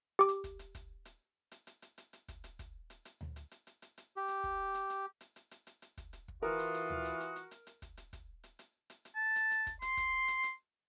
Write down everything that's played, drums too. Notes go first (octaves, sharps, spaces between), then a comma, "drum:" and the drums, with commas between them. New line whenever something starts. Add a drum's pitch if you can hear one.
G4 D6
drum: hi-hat
drum: kick, hi-hat
drum: hi-hat
drum: kick, hi-hat
drum: hi-hat
drum: hi-hat
drum: hi-hat
drum: hi-hat
drum: hi-hat
drum: hi-hat
drum: kick, hi-hat
drum: hi-hat
drum: kick, hi-hat
drum: hi-hat
drum: hi-hat
drum: tom D2
drum: hi-hat
drum: hi-hat
drum: hi-hat
drum: hi-hat
drum: hi-hat
G4
drum: hi-hat
drum: kick
drum: hi-hat
drum: hi-hat
drum: hi-hat
drum: hi-hat
drum: hi-hat
drum: hi-hat
drum: hi-hat
drum: kick, hi-hat
drum: hi-hat
drum: kick
E3 F4 F#4 A#4 D#6
drum: hi-hat
drum: hi-hat
drum: tom D2
drum: hi-hat
drum: hi-hat
drum: hi-hat
drum: hi-hat
drum: hi-hat
drum: kick, hi-hat
drum: hi-hat
drum: kick, hi-hat
drum: hi-hat
drum: hi-hat
drum: hi-hat
drum: hi-hat
A5
drum: hi-hat
drum: hi-hat
drum: kick, hi-hat
C6, drum: hi-hat
drum: kick, hi-hat
drum: hi-hat
drum: hi-hat